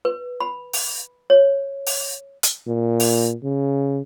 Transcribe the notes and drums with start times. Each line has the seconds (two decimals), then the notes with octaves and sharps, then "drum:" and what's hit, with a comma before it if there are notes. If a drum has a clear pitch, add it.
0.05 B4
0.40 B5
0.73 drum: open hi-hat
1.30 C#5
1.86 drum: open hi-hat
2.43 drum: hi-hat
2.67 A#2
3.00 drum: open hi-hat
3.44 C#3